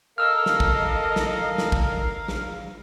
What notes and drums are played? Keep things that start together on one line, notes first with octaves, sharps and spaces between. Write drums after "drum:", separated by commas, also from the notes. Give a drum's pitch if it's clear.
A4 A#4 D#5 F5 E6 F6
drum: snare
drum: kick
drum: snare
drum: snare
drum: kick
drum: snare